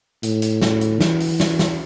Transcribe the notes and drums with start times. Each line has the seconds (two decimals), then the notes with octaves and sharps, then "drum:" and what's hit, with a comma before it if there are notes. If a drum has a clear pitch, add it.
0.23 A2, drum: hi-hat
0.42 drum: hi-hat
0.61 drum: snare
0.81 drum: hi-hat
1.00 E3, drum: snare
1.20 drum: open hi-hat
1.40 drum: snare
1.59 drum: snare